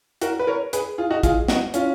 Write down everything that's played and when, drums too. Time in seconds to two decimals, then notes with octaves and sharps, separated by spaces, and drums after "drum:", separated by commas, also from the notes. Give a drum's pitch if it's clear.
0.21 F#4 A#4, drum: hi-hat
0.39 B4
0.47 A#4 C#5
0.73 G#4 B4, drum: hi-hat
0.98 F4 G#4
1.10 D#4 F#4
1.23 F4 G#4, drum: kick A#1, hi-hat
1.48 D#4 F#4, drum: snare
1.74 C#4 F4, drum: hi-hat